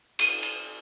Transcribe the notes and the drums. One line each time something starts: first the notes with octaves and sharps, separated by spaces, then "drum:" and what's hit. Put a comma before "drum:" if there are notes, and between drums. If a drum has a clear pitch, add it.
D#7, drum: cymbal
drum: cymbal